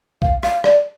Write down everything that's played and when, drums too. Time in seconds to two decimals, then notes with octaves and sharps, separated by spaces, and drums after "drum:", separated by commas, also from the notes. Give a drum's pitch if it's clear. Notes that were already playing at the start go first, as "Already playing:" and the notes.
0.22 F5, drum: kick
0.43 F5, drum: rim click
0.64 D5, drum: rim click